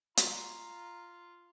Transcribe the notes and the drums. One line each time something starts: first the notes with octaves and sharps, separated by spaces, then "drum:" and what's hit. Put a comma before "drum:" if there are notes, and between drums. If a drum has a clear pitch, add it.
F4 A#5, drum: hi-hat